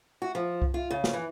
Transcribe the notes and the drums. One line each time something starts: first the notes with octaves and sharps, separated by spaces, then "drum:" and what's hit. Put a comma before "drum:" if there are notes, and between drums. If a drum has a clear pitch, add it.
F#4
F3
drum: kick C2
F4
C#3
drum: snare
E3